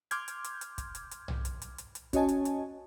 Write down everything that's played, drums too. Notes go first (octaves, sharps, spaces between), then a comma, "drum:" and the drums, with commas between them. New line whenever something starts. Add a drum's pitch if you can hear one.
C6 D6 F6 G6 G#6, drum: hi-hat
drum: hi-hat
drum: hi-hat
drum: hi-hat
drum: kick, hi-hat
drum: hi-hat
drum: hi-hat
drum: tom B1
drum: hi-hat
drum: hi-hat
drum: hi-hat
drum: hi-hat
C#4 F#4 C#5 D#5 G#5 A5, drum: kick, hi-hat
drum: hi-hat
drum: hi-hat